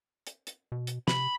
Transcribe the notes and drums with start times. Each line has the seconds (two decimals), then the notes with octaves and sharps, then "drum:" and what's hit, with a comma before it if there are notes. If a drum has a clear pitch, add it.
0.27 drum: hi-hat
0.47 drum: hi-hat
0.72 B2
0.87 drum: hi-hat
1.08 C3 B5, drum: snare